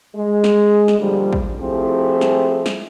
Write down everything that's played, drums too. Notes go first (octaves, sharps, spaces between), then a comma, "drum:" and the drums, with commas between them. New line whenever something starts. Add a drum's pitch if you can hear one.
G#3
drum: snare
drum: snare
A#2 D3 F3 G3
drum: kick
F3 A3 C4 E4 G4 G#4
drum: snare
drum: snare